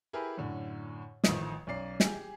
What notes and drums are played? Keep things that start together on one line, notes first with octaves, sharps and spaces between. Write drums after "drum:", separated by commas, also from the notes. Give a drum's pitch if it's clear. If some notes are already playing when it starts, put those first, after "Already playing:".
E4 G4 G#4 A#4 B4
F#2 A2 D3
A1 D#3 F3 A3 D#5 D#6, drum: snare
B1 C#4 D5 C7
G4 G#4, drum: snare